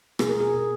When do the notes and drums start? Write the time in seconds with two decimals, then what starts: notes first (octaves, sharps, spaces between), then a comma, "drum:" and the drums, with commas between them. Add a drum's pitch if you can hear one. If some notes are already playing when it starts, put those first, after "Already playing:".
0.19 B2 G#4, drum: rim click
0.29 A#4
0.40 G#4
0.54 B2